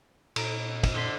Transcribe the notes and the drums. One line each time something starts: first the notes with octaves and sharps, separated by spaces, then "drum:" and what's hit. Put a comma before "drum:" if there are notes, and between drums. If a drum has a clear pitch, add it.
A#2 A4 A#5 D7, drum: cymbal
drum: kick, cymbal
D3 C6 B6 C7